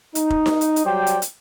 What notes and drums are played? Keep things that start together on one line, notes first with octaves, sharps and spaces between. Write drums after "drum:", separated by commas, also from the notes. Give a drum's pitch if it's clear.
D#4, drum: hi-hat
drum: kick F1
drum: snare D#4
drum: hi-hat
drum: hi-hat
F#3 G3 C5 D5 G5
drum: hi-hat
drum: hi-hat